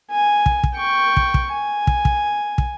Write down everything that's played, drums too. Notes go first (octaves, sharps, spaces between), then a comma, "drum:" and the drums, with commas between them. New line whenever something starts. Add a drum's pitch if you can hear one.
G#5
drum: kick
drum: kick
G5 C#6
drum: kick
drum: kick
G#5
drum: kick
drum: kick
drum: kick